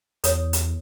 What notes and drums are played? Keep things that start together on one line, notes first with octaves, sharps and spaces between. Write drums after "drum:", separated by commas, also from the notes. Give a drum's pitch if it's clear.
E2 A4 C#5, drum: hi-hat
drum: hi-hat